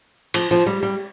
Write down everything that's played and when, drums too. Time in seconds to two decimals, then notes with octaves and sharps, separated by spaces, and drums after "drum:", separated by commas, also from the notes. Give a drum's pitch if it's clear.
0.34 F3, drum: cymbal
0.51 F3
0.66 G3
0.83 G3